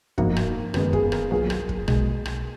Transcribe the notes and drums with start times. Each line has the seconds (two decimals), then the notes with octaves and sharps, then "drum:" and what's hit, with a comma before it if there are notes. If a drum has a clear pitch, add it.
0.18 G#2 F3 A#3 B3 D#4 F#4, drum: kick
0.36 drum: rim click
0.74 F#2 D#3 G#3 B3, drum: rim click
0.93 G#4, drum: kick
1.12 A#4, drum: rim click
1.31 B1 A#2 F#3 G#4
1.50 drum: rim click
1.69 drum: kick
1.88 B1 B2 G#3, drum: rim click
2.25 drum: rim click